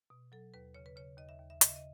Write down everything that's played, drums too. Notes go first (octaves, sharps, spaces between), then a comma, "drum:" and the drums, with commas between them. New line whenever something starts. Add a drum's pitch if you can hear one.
B2
F#3 A4
D#2 B4
C#3 C#5
B4
C#3 C#5
D#2 D#5
E5
D#2
E5
C#3 D#5, drum: hi-hat
E5
D#5